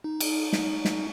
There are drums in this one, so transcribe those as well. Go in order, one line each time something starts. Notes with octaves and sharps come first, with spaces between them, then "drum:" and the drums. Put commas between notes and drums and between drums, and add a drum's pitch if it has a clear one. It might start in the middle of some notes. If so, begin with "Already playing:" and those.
D#4
drum: cymbal
drum: snare
drum: snare